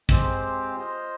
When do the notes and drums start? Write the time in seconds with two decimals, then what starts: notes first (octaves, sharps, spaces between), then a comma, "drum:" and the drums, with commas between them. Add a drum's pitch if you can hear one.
0.09 G#3 C4 G4 C5, drum: kick
0.76 F4 C5 D#5